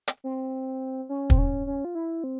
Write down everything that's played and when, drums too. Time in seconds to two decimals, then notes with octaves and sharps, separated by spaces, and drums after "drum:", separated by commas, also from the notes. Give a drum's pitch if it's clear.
0.08 drum: hi-hat
0.24 C4
1.09 C#4
1.30 C4, drum: kick
1.38 C#4
1.67 C#4
1.85 F4
1.95 E4
2.24 C4